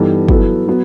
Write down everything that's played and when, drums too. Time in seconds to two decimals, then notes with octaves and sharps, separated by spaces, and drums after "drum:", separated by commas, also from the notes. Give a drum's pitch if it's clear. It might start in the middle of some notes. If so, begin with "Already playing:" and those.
Already playing: G2 E3 B3 D#4 A4
0.28 F#3 B3 E4 A4, drum: kick
0.67 F#3 B3